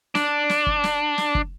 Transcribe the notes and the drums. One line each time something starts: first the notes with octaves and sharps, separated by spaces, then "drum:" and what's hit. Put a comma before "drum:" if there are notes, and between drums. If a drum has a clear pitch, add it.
D4, drum: snare
drum: snare
drum: kick
drum: snare
drum: snare
drum: kick